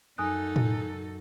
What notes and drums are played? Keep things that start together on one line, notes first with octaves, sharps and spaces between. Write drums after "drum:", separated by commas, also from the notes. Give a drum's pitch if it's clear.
F#2 D#4 A4 G#5 D#6 F#6
drum: tom A2